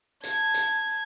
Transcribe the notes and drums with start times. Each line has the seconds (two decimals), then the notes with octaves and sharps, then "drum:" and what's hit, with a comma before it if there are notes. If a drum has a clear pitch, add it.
0.24 A5 G#6, drum: hi-hat
0.54 drum: hi-hat